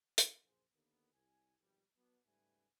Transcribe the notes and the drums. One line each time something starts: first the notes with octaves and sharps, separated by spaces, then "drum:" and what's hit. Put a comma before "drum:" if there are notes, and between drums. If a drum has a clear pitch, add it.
drum: hi-hat
A#1 F#2 G#4 C5
D#2 D3 A#3 B3
C2 G#5
G#1 B2 F3 G3
F#3 B3 D4
G#2 C#3 G3 A3 B4 G#5